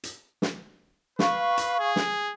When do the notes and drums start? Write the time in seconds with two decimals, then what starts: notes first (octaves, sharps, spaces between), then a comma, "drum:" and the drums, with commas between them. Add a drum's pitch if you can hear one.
0.03 drum: hi-hat
0.42 drum: snare
1.19 B4 F5 C#6, drum: snare
1.57 drum: hi-hat
1.79 G#4
1.96 drum: snare